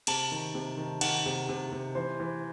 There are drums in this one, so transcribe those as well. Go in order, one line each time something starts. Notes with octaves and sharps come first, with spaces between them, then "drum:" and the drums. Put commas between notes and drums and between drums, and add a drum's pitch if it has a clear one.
C3 A5, drum: cymbal
D#3
C3
D#3
D#3 F#5, drum: cymbal
C3
C3
C3
E3 C5
E3